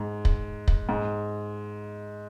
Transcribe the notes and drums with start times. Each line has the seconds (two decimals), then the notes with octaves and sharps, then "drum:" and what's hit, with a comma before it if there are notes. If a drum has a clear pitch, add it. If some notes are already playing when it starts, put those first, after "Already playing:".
Already playing: G#2
0.25 drum: kick
0.68 drum: kick
0.89 G#2